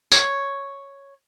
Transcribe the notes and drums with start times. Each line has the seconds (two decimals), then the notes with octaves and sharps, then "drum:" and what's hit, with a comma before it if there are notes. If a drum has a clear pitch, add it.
0.12 C#5, drum: tambourine